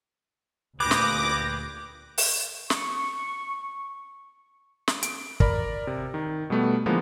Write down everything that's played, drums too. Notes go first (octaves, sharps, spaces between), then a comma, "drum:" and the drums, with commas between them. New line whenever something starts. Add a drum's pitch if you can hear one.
D2 A#2 G4 G#4 B4 D6 A#6
drum: snare
drum: open hi-hat
C#6, drum: snare
drum: snare
D7, drum: hi-hat
A#4 D5 B5, drum: kick
C3
D#3
B2 G3 A3 B3
D3 E3 F3 G#3 A#3 B3